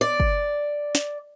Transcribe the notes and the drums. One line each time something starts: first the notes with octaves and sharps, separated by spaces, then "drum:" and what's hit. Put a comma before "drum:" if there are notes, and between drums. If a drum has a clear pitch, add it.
D5
drum: kick
drum: snare